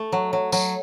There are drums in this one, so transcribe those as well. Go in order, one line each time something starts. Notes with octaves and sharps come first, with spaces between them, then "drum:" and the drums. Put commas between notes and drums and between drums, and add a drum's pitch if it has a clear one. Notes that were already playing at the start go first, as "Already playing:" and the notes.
Already playing: A3
F#3
F#3
F#3, drum: tambourine